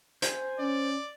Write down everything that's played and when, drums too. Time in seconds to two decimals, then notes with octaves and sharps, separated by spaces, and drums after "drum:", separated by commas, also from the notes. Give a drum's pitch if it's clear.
0.22 C5 G#5, drum: hi-hat
0.59 C#4 D5